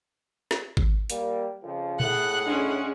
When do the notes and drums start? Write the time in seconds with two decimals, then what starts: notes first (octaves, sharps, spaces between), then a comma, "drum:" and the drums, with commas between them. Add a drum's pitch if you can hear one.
0.51 drum: snare
0.77 drum: kick G#1
1.10 G3 A#3, drum: hi-hat
1.64 F2 C#3 F3
2.00 A2 G#4 F#5 F#6, drum: tom A#2
2.46 G#3 C#4 D4